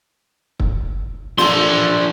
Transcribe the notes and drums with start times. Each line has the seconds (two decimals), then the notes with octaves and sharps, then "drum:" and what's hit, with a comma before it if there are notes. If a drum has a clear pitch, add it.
0.60 drum: kick
1.38 F3 D4 A4 C6, drum: snare